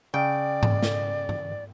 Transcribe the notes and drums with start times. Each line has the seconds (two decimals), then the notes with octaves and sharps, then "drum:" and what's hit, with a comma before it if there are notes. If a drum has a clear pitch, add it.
0.14 C#3 D5 G5
0.63 drum: tom G#2
0.83 drum: snare
1.29 drum: tom G2